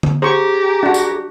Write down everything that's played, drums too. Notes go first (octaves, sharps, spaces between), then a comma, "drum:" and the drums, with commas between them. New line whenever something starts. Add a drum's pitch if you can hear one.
drum: tom D3
G4 G#4 C5 A#5 C#6
D4 F#4
drum: tambourine